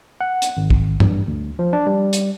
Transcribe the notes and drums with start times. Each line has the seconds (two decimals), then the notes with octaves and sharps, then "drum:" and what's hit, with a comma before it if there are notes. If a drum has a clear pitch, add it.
0.21 F#5
0.42 drum: hi-hat
0.57 G#1
0.70 drum: kick
1.00 G2, drum: tom
1.27 D2
1.59 F3
1.73 D4
1.87 G3
2.13 drum: hi-hat